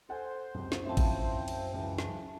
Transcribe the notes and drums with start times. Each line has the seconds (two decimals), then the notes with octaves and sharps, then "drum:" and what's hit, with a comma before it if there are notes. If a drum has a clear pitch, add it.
0.09 A4 C5 F#5 G#5
0.54 C#2 F#2 C3
0.72 drum: snare
0.85 A2 F3 C4 C5 E5 F5 A5
0.97 drum: kick A1, cymbal
1.48 drum: cymbal
1.73 C#2 E3 G5
1.98 drum: snare